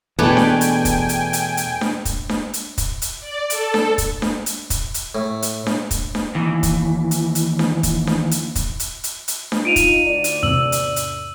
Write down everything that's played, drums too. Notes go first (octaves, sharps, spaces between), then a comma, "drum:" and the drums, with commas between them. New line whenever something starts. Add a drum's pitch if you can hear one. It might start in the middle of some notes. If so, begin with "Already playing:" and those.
E2 B2 A3 D4 B4 C#5 G5 G#5
drum: snare D4
drum: hi-hat
drum: kick, hi-hat
drum: hi-hat
drum: hi-hat
drum: hi-hat
drum: snare D4
drum: kick, hi-hat
drum: snare D4
drum: hi-hat
drum: kick, hi-hat
drum: hi-hat
D5
A4, drum: hi-hat
drum: snare D4
drum: kick, hi-hat
drum: snare D4
drum: hi-hat
drum: kick, hi-hat
drum: hi-hat
A2
drum: hi-hat
drum: snare D4
drum: kick, hi-hat
drum: snare D4
D#2 E3
drum: kick, hi-hat
drum: hi-hat
drum: hi-hat
drum: snare D4
drum: kick, hi-hat
drum: snare D4
drum: hi-hat
drum: kick, hi-hat
drum: hi-hat
drum: hi-hat
drum: hi-hat
drum: snare D4
D#4 F4 D7 D#7 F7
drum: kick, hi-hat
D2 D3 D5
drum: hi-hat
E2 G#2 C3 E6 F#7
drum: hi-hat
drum: hi-hat